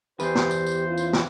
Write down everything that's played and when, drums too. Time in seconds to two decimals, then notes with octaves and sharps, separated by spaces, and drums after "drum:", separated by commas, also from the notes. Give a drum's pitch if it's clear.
0.20 E2 G4 B4 C5, drum: tambourine
0.35 drum: snare
0.51 drum: tambourine
0.66 drum: tambourine
0.87 C#4 E4 F4
0.98 drum: tambourine
1.13 drum: snare